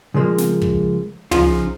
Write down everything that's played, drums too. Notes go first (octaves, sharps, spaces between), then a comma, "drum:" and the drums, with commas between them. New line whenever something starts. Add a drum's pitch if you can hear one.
C#3 F3 G#3 A#3
drum: snare
drum: kick
C#3 F3 D#4 F4, drum: tom